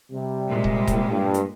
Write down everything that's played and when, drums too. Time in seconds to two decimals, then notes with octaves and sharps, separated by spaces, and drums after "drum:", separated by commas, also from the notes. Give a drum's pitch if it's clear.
0.12 C3 G3
0.49 A#2 G#3
0.64 drum: kick D#1
0.87 drum: kick D#1, hi-hat
1.11 G2
1.34 drum: hi-hat